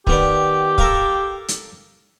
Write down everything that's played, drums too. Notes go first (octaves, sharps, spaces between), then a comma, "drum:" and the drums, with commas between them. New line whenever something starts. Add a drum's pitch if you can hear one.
D#3 B3 G4 D5, drum: kick
A4 A#4 F5, drum: kick
drum: hi-hat